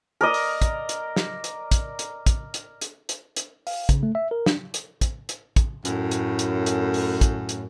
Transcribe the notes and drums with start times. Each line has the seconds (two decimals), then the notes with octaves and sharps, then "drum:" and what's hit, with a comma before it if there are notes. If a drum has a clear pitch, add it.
0.21 A#4 D5 D#5
0.34 drum: open hi-hat
0.62 drum: kick, hi-hat
0.89 drum: hi-hat
1.16 drum: snare
1.44 drum: hi-hat
1.71 drum: kick, hi-hat
1.99 drum: hi-hat
2.26 drum: kick, hi-hat
2.54 drum: hi-hat
2.81 drum: hi-hat
3.09 drum: hi-hat
3.36 drum: hi-hat
3.67 F5, drum: open hi-hat
3.89 C#3, drum: kick, hi-hat
4.03 A3
4.15 E5
4.31 A#4
4.46 D4, drum: snare
4.74 drum: hi-hat
5.01 drum: kick, hi-hat
5.29 drum: hi-hat
5.56 drum: kick, hi-hat
5.85 F#2 A2, drum: hi-hat
6.11 drum: hi-hat
6.39 drum: hi-hat
6.66 drum: hi-hat
6.94 drum: open hi-hat
7.21 drum: kick, hi-hat
7.49 drum: hi-hat